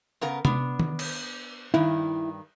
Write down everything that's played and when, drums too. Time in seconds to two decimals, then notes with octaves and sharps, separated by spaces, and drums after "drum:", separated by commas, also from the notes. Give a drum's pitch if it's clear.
0.21 C#3 B3 A#4
0.45 B3 D4, drum: tom C3
0.79 drum: tom D#3
0.99 drum: cymbal
1.74 G2 D#3 E4